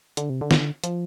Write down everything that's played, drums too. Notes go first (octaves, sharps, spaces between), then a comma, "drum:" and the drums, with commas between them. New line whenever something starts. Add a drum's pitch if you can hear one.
D3, drum: hi-hat
C3
D3
drum: snare
F3, drum: hi-hat